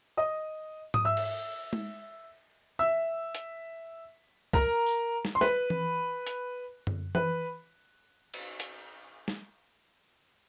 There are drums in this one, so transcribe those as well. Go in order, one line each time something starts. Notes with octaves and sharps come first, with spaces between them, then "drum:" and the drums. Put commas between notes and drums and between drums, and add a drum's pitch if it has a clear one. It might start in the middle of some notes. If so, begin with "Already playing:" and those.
D#5 D#6
D#6, drum: tom G#2
E5 E6
drum: cymbal
drum: tom G#3
E5 E6
drum: hi-hat
A#4 A#5, drum: kick C#2
drum: tambourine
drum: snare
C6
B4 B5, drum: snare
drum: tom E3
drum: hi-hat
drum: tom F#2
B4 B5, drum: tom E3
drum: cymbal
drum: hi-hat
drum: snare